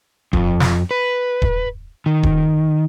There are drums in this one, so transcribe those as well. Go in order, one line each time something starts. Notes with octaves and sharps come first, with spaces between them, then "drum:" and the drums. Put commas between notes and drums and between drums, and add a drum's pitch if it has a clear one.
F2, drum: kick D#1
drum: snare
B4
drum: kick D#1
D#3
drum: kick D#1